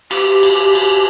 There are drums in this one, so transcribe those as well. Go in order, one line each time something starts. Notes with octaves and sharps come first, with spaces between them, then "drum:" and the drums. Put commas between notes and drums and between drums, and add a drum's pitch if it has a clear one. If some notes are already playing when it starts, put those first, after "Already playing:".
G4, drum: cymbal
drum: cymbal
drum: cymbal